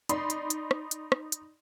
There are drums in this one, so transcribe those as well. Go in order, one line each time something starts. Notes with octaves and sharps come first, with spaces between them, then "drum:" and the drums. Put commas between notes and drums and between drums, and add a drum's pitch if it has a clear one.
D#4 D5 B5 C6, drum: hi-hat
drum: hi-hat
drum: hi-hat
drum: rim click
drum: hi-hat
drum: rim click
drum: hi-hat